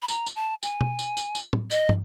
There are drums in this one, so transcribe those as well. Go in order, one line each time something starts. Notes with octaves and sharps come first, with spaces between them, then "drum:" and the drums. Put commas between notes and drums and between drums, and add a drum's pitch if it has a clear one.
B5
A#5, drum: tambourine
drum: tambourine
A5
G#5, drum: tambourine
drum: tom B2
drum: tambourine
drum: tambourine
drum: tambourine
drum: tom A2
D#5, drum: tambourine
drum: tom